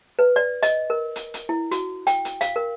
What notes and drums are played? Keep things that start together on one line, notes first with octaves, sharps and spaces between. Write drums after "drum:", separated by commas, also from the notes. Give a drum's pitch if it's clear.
B4
D5
D#5, drum: hi-hat
A#4
drum: hi-hat
drum: hi-hat
E4
F#4, drum: hi-hat
G5, drum: hi-hat
drum: hi-hat
F5, drum: hi-hat
A#4